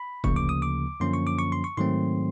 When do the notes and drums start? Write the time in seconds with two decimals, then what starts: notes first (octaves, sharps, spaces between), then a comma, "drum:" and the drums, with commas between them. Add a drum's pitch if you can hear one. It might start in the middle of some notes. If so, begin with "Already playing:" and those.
Already playing: B5
0.24 D2 C#3 F3 A#3 C#6, drum: kick
0.36 D6
0.49 D#6
0.62 D6
1.00 F#2 D3 F3 A#3 C#4 C6
1.13 C#6
1.27 D6
1.39 C#6
1.52 C6
1.64 C#6
1.77 G#2 D#3 F#3 A3 C4 C6